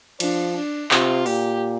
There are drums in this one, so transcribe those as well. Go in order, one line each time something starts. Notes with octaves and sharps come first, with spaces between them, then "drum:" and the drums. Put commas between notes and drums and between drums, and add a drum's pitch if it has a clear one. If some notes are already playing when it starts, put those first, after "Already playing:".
F3 D4, drum: cymbal
D4
C3 F4, drum: clap
A#2 G4, drum: open hi-hat